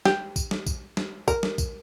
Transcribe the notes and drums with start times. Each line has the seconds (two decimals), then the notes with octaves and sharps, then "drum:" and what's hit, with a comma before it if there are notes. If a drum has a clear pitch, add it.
0.05 G4, drum: snare
0.36 drum: kick A#1, tambourine
0.51 drum: snare
0.66 drum: kick A#1, tambourine
0.97 drum: snare
1.28 A#4, drum: kick A#1, tambourine
1.43 drum: snare
1.58 drum: kick A#1, tambourine